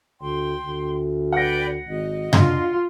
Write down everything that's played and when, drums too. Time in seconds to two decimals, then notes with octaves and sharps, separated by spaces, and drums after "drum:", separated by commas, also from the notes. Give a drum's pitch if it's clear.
0.21 D2 G5 C6
0.64 D2
1.33 B4 D5 F#5 G5 A#6
1.88 G#1 D#5
2.33 D4 F4, drum: tom F#2